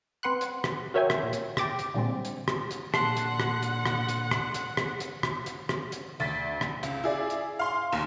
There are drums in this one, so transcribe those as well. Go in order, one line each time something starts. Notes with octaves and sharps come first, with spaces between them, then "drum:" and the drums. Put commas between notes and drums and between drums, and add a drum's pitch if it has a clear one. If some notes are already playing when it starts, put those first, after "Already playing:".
C4 B4 F#5 C6 F#6
drum: hi-hat
drum: rim click
F#4 A#4 C#5 E5 G5 G#5
drum: rim click
A#2
drum: hi-hat
G5 D6 A6 A#6, drum: rim click
drum: hi-hat
A#2 D3 G3 G#3 C4
drum: hi-hat
drum: rim click
drum: hi-hat
A#2 D3 F#5 A5 C6, drum: rim click
drum: hi-hat
drum: rim click
drum: hi-hat
drum: rim click
drum: hi-hat
drum: rim click
drum: hi-hat
drum: rim click
drum: hi-hat
drum: rim click
drum: hi-hat
drum: rim click
drum: hi-hat
D2 A6 B6
drum: rim click
C#2, drum: hi-hat
E4 G#4 D5
drum: hi-hat
F5 C6
F#1 D#2 E7